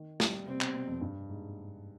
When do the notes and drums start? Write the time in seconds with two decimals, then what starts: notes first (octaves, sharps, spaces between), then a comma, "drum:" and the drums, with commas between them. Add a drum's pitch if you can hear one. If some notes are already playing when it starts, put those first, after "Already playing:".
Already playing: D#3
0.20 G3, drum: snare
0.46 C3 C4
0.61 B2, drum: clap
0.74 B2
0.87 F2
1.01 G2
1.29 G#2